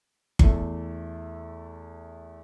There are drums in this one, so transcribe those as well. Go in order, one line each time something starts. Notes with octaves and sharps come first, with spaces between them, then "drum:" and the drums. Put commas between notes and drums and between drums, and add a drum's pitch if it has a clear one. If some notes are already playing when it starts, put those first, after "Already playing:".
E2 A3, drum: kick G1